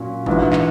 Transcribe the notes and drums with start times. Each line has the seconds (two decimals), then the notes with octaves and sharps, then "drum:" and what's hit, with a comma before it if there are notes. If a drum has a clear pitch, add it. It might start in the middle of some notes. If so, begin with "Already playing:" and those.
Already playing: A#2 F#3 C#4
0.26 A#1 G#2 E3, drum: kick G#1
0.53 drum: clap